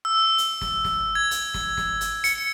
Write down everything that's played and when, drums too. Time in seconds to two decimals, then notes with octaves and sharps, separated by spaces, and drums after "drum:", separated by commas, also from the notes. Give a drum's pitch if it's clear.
0.05 E6
0.38 drum: hi-hat
0.61 drum: snare
0.85 drum: snare
1.15 G#6
1.31 drum: hi-hat
1.54 drum: snare
1.77 drum: snare
2.01 drum: hi-hat
2.24 C#7, drum: hi-hat